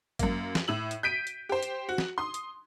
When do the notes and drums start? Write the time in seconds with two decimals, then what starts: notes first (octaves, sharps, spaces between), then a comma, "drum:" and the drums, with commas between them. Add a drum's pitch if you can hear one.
0.19 F#2 A#3, drum: kick, hi-hat
0.55 drum: snare
0.68 A2 E6 F#7
0.91 drum: hi-hat
1.03 G6 B6 D7 D#7
1.27 drum: hi-hat
1.49 G4 C5
1.63 drum: hi-hat
1.89 F#4
1.98 drum: snare
2.18 C6 D#6
2.34 drum: hi-hat